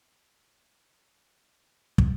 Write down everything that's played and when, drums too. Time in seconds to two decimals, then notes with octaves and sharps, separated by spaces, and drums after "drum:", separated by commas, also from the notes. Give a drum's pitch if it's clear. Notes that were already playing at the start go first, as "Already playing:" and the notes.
Already playing: D3 F3 A#3 D#4
0.22 E5 F#5
0.56 E3 G3 A#3 D#5 F5
1.28 A2 F#3 A3 C4
1.63 D#5 F5
1.98 drum: kick